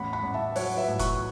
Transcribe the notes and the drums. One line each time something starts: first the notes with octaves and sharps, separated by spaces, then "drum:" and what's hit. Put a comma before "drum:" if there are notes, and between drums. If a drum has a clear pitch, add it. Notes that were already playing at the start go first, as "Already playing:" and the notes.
Already playing: A1 E2 F#5 B5
F#5 B5
A1
E5 A5
F#3 C#5 F#5, drum: open hi-hat
B4 E5
A2
C#6 F#6, drum: kick, hi-hat